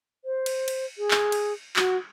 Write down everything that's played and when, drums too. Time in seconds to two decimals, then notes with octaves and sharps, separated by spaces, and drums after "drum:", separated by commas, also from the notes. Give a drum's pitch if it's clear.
0.25 C5
0.46 drum: cymbal
0.68 drum: cymbal
0.98 G#4
1.11 drum: clap
1.32 drum: cymbal
1.76 F#4, drum: clap